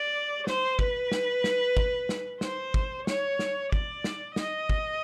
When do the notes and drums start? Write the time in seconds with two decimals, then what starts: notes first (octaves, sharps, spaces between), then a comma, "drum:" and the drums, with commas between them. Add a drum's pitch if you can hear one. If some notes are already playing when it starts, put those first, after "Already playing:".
Already playing: D5
0.47 C5, drum: snare
0.79 B4, drum: kick
1.12 drum: snare
1.44 drum: snare
1.77 drum: kick
2.09 drum: snare
2.41 C5, drum: snare
2.74 drum: kick
3.07 C#5, drum: snare
3.39 drum: snare
3.72 D5, drum: kick
4.04 drum: snare
4.36 D#5, drum: snare
4.69 drum: kick